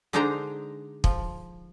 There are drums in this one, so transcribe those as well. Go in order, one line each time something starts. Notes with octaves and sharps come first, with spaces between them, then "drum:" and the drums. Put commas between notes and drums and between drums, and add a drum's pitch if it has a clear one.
D3 G#3 D4 D#4 C5 A#5
F3, drum: kick